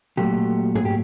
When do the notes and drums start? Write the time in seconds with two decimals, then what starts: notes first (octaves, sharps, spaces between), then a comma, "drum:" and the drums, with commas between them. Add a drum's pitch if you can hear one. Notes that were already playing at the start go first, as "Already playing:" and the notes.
0.17 A#2 F#3 A3 G4
0.75 G#4, drum: tom G#2
0.85 G4